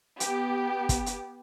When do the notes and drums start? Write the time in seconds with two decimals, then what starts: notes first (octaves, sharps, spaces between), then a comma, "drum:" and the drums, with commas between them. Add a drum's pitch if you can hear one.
0.20 B3 G4, drum: hi-hat
0.89 drum: kick, hi-hat
1.06 drum: hi-hat